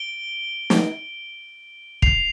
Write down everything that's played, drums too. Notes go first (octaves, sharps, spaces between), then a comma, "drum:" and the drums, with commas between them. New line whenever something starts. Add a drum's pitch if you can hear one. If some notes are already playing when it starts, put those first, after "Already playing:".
Already playing: D7 G7
drum: snare
C7 F7, drum: kick